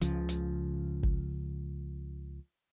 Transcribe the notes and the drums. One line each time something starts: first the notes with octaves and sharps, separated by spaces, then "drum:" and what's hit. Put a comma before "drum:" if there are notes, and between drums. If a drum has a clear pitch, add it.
C#2 C#3 F3, drum: hi-hat
drum: hi-hat
drum: kick G#1